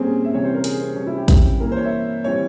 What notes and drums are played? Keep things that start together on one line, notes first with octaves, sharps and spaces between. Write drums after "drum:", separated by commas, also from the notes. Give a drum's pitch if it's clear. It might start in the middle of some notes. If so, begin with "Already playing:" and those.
Already playing: A#2 G3 A#3 C4 C#4 G#4
E5
F2 C3 E3 G3 C4 C#5
C5
A#4
G#4, drum: hi-hat
C4
C3 G3 C4 C#4
E4
G4
drum: kick, hi-hat
G2 E3 A#3 A#4
C5
C#5
E5
E3 G3 C4 C#5